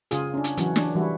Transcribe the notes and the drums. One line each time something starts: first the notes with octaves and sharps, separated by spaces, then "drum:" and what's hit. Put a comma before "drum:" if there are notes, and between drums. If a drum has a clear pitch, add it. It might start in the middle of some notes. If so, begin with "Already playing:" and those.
C#3 F4 G#4, drum: hi-hat
C#4 D4
drum: hi-hat
E3 F#3 C#4 F#4, drum: hi-hat
E3 D4, drum: snare
E3 G3 E4 F#4